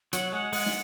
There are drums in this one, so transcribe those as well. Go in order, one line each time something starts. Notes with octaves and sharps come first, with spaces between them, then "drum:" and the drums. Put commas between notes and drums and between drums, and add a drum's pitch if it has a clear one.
F#3 F#5, drum: hi-hat
G#3 F#5
G#3, drum: open hi-hat
drum: snare